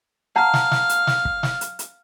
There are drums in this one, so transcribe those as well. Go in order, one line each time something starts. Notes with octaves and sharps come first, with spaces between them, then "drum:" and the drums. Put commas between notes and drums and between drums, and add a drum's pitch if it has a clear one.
F5 F#5 A5 A#5
drum: snare
drum: snare
drum: hi-hat
drum: snare
drum: kick
drum: snare
drum: hi-hat
drum: hi-hat